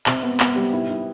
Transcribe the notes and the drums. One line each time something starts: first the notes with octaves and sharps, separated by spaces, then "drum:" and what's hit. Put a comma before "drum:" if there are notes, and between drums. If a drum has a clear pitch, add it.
C3, drum: clap
B3
B3, drum: clap
G3
E4
E4